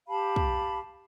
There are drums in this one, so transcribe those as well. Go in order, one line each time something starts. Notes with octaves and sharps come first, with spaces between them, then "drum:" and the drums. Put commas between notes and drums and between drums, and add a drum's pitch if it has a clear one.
G4 F5 A5 B5
drum: kick